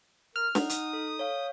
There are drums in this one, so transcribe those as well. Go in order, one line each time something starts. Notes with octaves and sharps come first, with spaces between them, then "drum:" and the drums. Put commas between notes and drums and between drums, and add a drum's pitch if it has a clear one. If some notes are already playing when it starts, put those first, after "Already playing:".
A#4 F6
D#4 F#5, drum: snare
D#6, drum: hi-hat
A4
C#5 F5